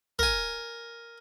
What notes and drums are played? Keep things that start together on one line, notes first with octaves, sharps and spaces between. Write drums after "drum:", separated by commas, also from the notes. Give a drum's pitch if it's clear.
A#4 G#5, drum: kick